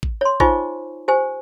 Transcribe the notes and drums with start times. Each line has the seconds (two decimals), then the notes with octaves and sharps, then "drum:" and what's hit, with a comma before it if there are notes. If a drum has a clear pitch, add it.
0.03 drum: kick
0.21 C#5 C6
0.40 D#4 F4 C5 D#5 G#5 C#6, drum: kick
1.08 G4 C5 G#5